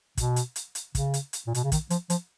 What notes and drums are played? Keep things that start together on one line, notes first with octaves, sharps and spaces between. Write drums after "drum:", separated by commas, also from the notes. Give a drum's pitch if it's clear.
B2, drum: kick, hi-hat
drum: hi-hat
drum: hi-hat
drum: hi-hat
C#3, drum: kick, hi-hat
drum: hi-hat
drum: hi-hat
A#2
B2, drum: hi-hat
C#3
D#3, drum: kick, hi-hat
F3, drum: hi-hat
F3, drum: hi-hat